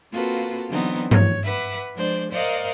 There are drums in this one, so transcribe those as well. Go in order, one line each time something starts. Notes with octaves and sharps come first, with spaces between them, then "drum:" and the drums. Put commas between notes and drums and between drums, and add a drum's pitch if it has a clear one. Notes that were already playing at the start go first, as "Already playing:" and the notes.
A#3 C4 F4 F#4 A4 B4
D3 E3 F#3 B3 C4 D#4
C#5, drum: tom G2
B4 E5 F#5 D6
F3 G#3 D4 C5 D5
A#4 C5 D5 D#5 F5 F#5